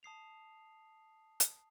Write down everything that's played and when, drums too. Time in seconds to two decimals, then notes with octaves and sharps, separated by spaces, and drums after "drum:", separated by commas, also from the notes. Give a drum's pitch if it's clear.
0.03 A5 D#6 C7 F7
1.40 drum: hi-hat